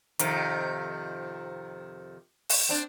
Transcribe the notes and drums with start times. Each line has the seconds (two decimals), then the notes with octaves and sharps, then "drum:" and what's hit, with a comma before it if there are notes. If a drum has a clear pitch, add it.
0.19 F2 C3 D#3, drum: hi-hat
2.49 drum: open hi-hat
2.69 C4 D4